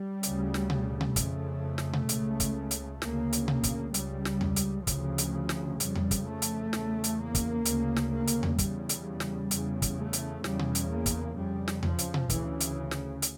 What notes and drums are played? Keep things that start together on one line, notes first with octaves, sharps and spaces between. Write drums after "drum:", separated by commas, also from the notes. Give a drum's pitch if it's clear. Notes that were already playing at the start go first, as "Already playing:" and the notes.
Already playing: G3
D2 C#3, drum: hi-hat
drum: snare
drum: tom B2
drum: tom B2
F2 C#3 A3, drum: kick, hi-hat
drum: snare
drum: tom B2
C#2 C#3, drum: hi-hat
drum: kick, hi-hat
drum: hi-hat
D2 C#3 A#3, drum: snare
drum: hi-hat
A#3, drum: tom B2
drum: kick, hi-hat
C#2 C#3 G3, drum: hi-hat
drum: snare
drum: tom E2
drum: hi-hat
D2 C#3 F3, drum: kick, hi-hat
drum: hi-hat
drum: snare
F2 C#3 G3, drum: hi-hat
drum: tom E2
drum: kick, hi-hat
A3
drum: hi-hat
E2 C#3, drum: snare
drum: hi-hat
A#3
drum: kick, hi-hat
D2 C#3, drum: hi-hat
drum: snare
A#3
drum: hi-hat
drum: tom E2
E2 C#3 G3, drum: kick, hi-hat
drum: hi-hat
drum: snare
E2 C#3, drum: hi-hat
drum: kick, hi-hat
A3
drum: hi-hat
E2 C#3 G3, drum: snare
drum: tom B2
drum: hi-hat
A#3
drum: kick, hi-hat
F2 C#3 G3
drum: snare
F3, drum: tom E2
drum: hi-hat
drum: tom B2
D2 C#3 E3, drum: kick, hi-hat
drum: hi-hat
drum: snare
drum: hi-hat